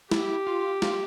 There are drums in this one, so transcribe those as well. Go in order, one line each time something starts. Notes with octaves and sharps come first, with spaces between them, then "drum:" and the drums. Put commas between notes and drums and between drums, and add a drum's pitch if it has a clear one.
E4 G4, drum: snare
F4
F4, drum: snare